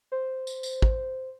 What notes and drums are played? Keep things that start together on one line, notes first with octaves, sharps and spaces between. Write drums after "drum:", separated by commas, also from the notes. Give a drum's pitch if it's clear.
C5
drum: tambourine
drum: tambourine
drum: kick